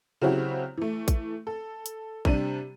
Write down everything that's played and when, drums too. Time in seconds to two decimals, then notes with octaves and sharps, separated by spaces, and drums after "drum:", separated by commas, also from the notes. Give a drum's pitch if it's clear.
0.22 C#3 F#3 C4 E4 F#4 G4
0.77 E3 A3
1.08 drum: kick, hi-hat
1.47 A4
1.86 drum: hi-hat
2.25 C3 G3 D4 D#7, drum: kick